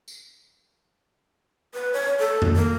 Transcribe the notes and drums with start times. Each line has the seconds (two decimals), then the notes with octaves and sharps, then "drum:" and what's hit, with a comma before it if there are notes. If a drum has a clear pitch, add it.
0.08 drum: tambourine
1.74 B4
1.93 C#5
2.19 A4
2.42 drum: tom F2
2.56 A#3